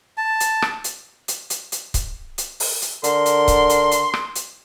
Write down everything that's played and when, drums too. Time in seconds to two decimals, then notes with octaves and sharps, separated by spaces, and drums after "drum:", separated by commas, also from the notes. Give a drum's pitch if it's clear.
0.18 A5
0.40 drum: hi-hat
0.62 drum: rim click
0.84 drum: hi-hat
1.28 drum: hi-hat
1.50 drum: hi-hat
1.72 drum: hi-hat
1.94 drum: kick C#1, hi-hat
2.38 drum: hi-hat
2.60 drum: open hi-hat
2.82 drum: hi-hat
3.04 D3 A#4 C6, drum: hi-hat
3.26 drum: hi-hat
3.48 drum: kick C#1, hi-hat
3.70 drum: hi-hat
3.92 drum: hi-hat
4.14 drum: rim click
4.35 drum: hi-hat